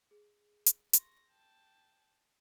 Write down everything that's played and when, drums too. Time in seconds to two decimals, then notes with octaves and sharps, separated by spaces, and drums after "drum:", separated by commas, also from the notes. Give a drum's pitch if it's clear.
0.11 G#4
0.66 drum: hi-hat
0.93 C6 C#6 A#6, drum: hi-hat
1.28 G5 A5